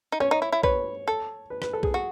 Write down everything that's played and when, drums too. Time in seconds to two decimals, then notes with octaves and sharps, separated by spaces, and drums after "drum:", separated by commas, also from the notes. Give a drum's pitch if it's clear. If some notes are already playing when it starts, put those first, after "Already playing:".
0.12 D#4
0.20 C#4 C#5
0.31 D#4
0.42 E4
0.52 E4
0.63 B4 C#5, drum: kick B1
1.08 A4
1.50 B4
1.62 B4, drum: rim click
1.73 A4
1.83 G#4, drum: kick B1
1.94 F#4